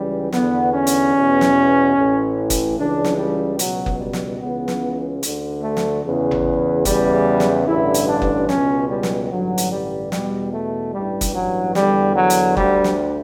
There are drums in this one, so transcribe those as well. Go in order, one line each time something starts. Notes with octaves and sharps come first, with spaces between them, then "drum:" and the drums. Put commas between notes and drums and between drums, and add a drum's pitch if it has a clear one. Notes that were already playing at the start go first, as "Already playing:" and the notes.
Already playing: C#2 C#3 E3 G3
E2 D3 B3, drum: snare
C#4
drum: hi-hat
E2 B2
drum: snare
A1 A2 E3
drum: kick F#1, hi-hat
C#2 C#3 E3 D4
drum: snare
G3
C#2 B2 F#3, drum: hi-hat
drum: kick F#1
G3
drum: snare
C#2 C#3 E3 B3
drum: snare
D2 D3, drum: hi-hat
A3
drum: snare
E2 C#3 E3
drum: tom G#1
E2 C#3 E3 G3, drum: kick F#1, hi-hat
drum: snare
A1 G2 D3 E4
drum: hi-hat
D4
drum: kick F#1
C#2 B2 C#4, drum: snare
G3
drum: snare
A1 G2 D3 F#3
drum: hi-hat
G3
E2 B2 G3, drum: snare
A3
A1 G2 E3 G3
drum: kick F#1, hi-hat
F#3
E2 D3 G3, drum: snare
F#3
drum: hi-hat
D2 D3 G3, drum: kick F#1
drum: snare